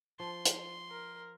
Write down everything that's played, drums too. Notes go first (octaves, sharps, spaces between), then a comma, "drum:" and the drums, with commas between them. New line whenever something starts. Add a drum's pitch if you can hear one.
F3 C6
drum: hi-hat
A#4